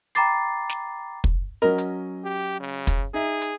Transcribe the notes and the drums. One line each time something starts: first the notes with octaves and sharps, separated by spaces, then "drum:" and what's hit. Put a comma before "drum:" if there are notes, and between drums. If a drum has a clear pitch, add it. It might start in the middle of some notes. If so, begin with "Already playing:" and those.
G5 A#5 B5 D6 A6 C7, drum: hi-hat
drum: snare
drum: kick
F#3 C#4 A#4 D#5
drum: hi-hat
G4
C#3
drum: kick, hi-hat
D#4 G#4 E5
drum: hi-hat